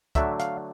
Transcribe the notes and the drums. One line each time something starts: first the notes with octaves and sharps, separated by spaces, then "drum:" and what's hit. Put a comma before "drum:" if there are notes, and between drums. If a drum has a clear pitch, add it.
D3 F#3 A3 D4 E5, drum: kick, hi-hat
F5, drum: hi-hat